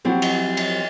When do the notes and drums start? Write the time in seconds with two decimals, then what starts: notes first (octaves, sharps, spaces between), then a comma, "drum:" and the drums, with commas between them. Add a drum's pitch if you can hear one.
0.05 F3 F#3 C4 E4 F#4 G4
0.22 drum: cymbal
0.57 drum: cymbal